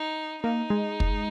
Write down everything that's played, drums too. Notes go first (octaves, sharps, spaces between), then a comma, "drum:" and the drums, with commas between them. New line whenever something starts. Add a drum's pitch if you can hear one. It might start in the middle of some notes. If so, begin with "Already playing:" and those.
Already playing: D#4
A#3 D#4
G#3
drum: kick